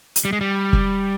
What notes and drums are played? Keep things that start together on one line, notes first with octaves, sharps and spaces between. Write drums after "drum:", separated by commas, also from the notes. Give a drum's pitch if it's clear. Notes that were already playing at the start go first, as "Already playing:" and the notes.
drum: hi-hat
G3
G#3
G3
drum: kick